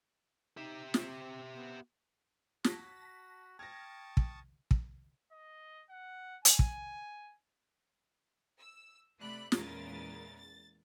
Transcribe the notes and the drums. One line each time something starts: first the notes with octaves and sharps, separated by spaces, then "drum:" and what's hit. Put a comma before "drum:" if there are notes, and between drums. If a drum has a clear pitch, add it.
D#4 G4 E5
C4, drum: snare
B3
F#4 A5 A#6 B6, drum: snare
G5 A5 C#6 D#6 F6 G#6 A#6
drum: kick
drum: kick
D#5
F#5
G#5, drum: hi-hat
drum: kick
E6
C3 A3 D5 B5 F#6
E2 A#2 C#3 G#3 A#4 A6, drum: snare
A6